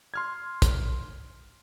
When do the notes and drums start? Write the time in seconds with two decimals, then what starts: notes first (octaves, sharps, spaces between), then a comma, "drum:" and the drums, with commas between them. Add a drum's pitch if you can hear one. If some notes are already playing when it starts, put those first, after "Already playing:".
0.14 C6 F6 G#6
0.62 drum: kick, hi-hat